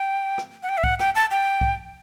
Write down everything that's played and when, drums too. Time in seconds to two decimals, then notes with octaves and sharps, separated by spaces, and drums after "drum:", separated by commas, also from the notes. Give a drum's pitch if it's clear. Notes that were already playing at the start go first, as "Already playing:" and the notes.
Already playing: G5
0.38 drum: rim click
0.63 F#5
0.69 G5
0.77 E5
0.84 F#5, drum: kick B1
1.00 G5, drum: rim click
1.15 A5
1.31 G5
1.61 drum: kick B1